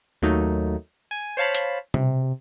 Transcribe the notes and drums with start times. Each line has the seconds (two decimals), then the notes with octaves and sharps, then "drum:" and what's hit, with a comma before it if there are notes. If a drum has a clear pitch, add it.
0.22 D#2 F#3 A3 A#3 D#4
1.11 G#5
1.37 C5 C#5 F5 A5 B5
1.55 drum: hi-hat
1.94 C3, drum: tom B2